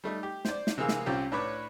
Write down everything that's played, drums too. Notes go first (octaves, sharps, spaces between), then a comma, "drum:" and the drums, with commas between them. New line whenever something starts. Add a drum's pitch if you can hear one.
G3 A3 D#4
G4
C5 D5, drum: snare
drum: snare
C3 E3 A#3 G#4 F5 E6
drum: snare
C2 C4 C#4 F4 G4
A2 D4 B4 C#5 B5 D6